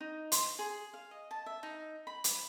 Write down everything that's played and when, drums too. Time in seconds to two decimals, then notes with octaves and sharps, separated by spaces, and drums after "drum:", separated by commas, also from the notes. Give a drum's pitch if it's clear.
0.01 D#4
0.32 C6, drum: hi-hat
0.59 G#4
0.94 F5
1.11 D#5
1.31 A5
1.46 E5
1.63 D#4
2.07 B5
2.24 drum: hi-hat